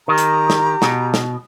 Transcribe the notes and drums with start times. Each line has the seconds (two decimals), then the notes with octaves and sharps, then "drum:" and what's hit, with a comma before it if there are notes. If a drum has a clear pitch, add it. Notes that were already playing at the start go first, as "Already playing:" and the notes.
0.08 D#3 G4 A#5
0.18 drum: hi-hat
0.50 drum: snare
0.82 B2, drum: snare
1.14 drum: snare